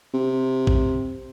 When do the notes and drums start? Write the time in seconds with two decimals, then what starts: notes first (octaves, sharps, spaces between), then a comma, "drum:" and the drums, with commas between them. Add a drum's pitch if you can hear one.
0.14 C3
0.67 drum: kick